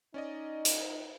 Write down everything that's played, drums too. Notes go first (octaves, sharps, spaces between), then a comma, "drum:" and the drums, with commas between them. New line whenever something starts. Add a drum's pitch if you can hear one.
C#4 D#4 D5 D#5
drum: hi-hat